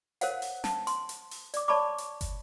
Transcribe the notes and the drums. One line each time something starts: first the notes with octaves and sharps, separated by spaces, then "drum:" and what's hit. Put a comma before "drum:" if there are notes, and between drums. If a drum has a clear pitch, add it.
A#4 C5 C#5 F5 F#5, drum: hi-hat
drum: open hi-hat
A5, drum: snare
C6, drum: hi-hat
drum: hi-hat
drum: open hi-hat
D5 D6, drum: hi-hat
C#5 D5 A5 B5 C#6 D6
drum: hi-hat
drum: kick, hi-hat